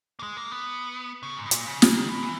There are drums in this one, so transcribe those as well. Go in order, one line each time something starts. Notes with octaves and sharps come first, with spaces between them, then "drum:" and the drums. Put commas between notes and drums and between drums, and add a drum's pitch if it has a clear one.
A#3
G#3
A#3
B3
C#3
G#2
B2
A#2, drum: hi-hat
C#3
drum: snare
D#3
B2
E3